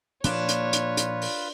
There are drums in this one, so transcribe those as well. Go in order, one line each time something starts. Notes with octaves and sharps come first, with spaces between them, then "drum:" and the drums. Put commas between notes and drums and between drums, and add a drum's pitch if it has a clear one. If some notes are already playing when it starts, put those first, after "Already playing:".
A#2 F3 A#3 D4 F4 B4 C#5, drum: hi-hat
drum: hi-hat
drum: hi-hat
drum: hi-hat
drum: open hi-hat